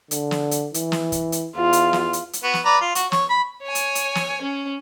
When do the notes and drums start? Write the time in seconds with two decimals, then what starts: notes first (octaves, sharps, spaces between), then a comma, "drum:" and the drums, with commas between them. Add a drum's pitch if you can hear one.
0.11 D3, drum: hi-hat
0.31 drum: snare
0.51 drum: hi-hat
0.74 E3, drum: hi-hat
0.92 drum: snare
1.12 drum: kick, hi-hat
1.32 drum: hi-hat
1.56 E2 F4
1.73 drum: hi-hat
1.93 drum: snare
2.13 drum: hi-hat
2.33 drum: hi-hat
2.44 B3 F#4
2.54 drum: snare
2.65 B4 D5 A#5
2.81 F4
2.95 F#4, drum: hi-hat
3.12 C#5, drum: snare
3.30 B5
3.63 C#5 G#5
3.75 drum: hi-hat
3.95 drum: hi-hat
4.15 drum: snare
4.42 C#4